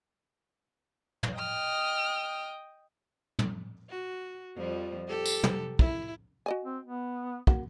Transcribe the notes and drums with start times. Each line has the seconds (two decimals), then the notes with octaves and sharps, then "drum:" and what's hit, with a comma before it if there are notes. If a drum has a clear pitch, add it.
1.23 drum: tom
1.39 D#5 G5 D#6 F6
3.39 drum: tom
3.90 F#4
4.55 F2 F3 G3
5.08 G4 A4
5.25 drum: tambourine
5.44 drum: tom
5.79 E4, drum: kick
6.46 F#4 D#5 G#5
6.64 C4
6.86 B3
7.47 A#3 F#4, drum: kick